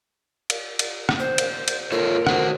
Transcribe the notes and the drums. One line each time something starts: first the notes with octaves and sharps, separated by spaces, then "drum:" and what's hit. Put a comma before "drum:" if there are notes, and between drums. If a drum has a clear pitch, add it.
drum: cymbal
drum: cymbal
drum: rim click
C5
drum: cymbal
drum: cymbal
F4 A4 A#4 C#5
F#4 C5 F#5, drum: rim click